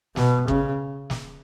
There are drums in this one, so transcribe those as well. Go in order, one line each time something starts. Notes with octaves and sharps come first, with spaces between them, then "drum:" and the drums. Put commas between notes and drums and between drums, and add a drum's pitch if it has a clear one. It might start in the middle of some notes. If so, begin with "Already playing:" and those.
B2, drum: snare
C#3, drum: kick
drum: snare